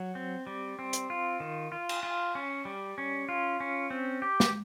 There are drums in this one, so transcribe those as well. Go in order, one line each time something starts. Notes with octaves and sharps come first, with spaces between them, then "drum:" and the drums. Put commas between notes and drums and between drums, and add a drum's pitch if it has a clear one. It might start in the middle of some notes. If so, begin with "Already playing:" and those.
Already playing: F#3
C4
G3
C4
drum: hi-hat
F4
D#3
F4
drum: cymbal
F4
C#4
G3
C#4
F4
C#4
C4
G4
drum: snare